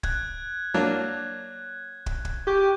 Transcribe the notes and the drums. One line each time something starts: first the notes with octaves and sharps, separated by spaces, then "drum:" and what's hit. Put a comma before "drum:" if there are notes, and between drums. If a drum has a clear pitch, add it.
F#6 G#6, drum: kick
F#3 A#3 D4
drum: kick
drum: kick
G4 C#6 G6